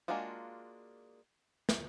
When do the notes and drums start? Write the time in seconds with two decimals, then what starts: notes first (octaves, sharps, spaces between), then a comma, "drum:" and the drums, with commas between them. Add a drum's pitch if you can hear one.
0.08 G#3 A#3 D4 F4 F#4
1.69 drum: snare